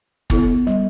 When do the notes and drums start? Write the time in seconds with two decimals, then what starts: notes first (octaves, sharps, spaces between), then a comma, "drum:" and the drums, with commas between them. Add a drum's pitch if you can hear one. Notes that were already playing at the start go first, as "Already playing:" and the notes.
0.30 B3 E4 A4, drum: kick
0.67 G3